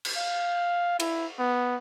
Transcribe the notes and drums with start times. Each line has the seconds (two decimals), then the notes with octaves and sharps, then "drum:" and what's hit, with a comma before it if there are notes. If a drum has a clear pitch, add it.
0.05 drum: cymbal
0.17 F5
1.00 E4, drum: cymbal
1.39 B3